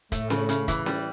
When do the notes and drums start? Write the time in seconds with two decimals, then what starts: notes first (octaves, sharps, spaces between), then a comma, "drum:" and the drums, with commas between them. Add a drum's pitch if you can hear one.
0.12 A2 A3, drum: kick, hi-hat
0.30 C#3, drum: snare C#4
0.49 C#3, drum: hi-hat
0.68 E3, drum: kick, hi-hat
0.86 G3, drum: snare C#4